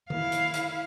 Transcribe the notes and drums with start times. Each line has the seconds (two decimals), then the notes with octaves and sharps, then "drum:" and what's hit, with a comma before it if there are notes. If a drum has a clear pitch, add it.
0.10 E4 F5, drum: tom D#3
0.32 drum: hi-hat
0.54 drum: hi-hat